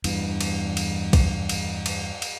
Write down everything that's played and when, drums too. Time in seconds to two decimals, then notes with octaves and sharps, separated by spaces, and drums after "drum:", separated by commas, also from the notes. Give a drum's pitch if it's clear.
0.04 E2 G2 E3, drum: cymbal
0.41 drum: cymbal
0.77 drum: cymbal
1.13 drum: kick B1, cymbal
1.49 drum: cymbal
1.86 drum: cymbal
2.22 drum: cymbal